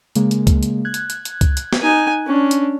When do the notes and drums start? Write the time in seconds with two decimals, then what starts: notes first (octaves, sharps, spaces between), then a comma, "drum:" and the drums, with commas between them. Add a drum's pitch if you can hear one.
0.15 C#3 G#3 A#3, drum: hi-hat
0.31 drum: hi-hat
0.47 drum: kick C#2, hi-hat
0.63 drum: hi-hat
0.85 F#6 G#6
0.94 drum: hi-hat
1.10 drum: hi-hat
1.25 drum: hi-hat
1.41 drum: kick C#2, hi-hat
1.57 drum: hi-hat
1.73 drum: snare
1.82 D#4 G#5
2.27 C#4 D4
2.51 drum: hi-hat